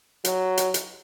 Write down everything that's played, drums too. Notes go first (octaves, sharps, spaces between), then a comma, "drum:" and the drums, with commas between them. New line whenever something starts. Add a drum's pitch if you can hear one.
F#3, drum: hi-hat
drum: hi-hat
drum: hi-hat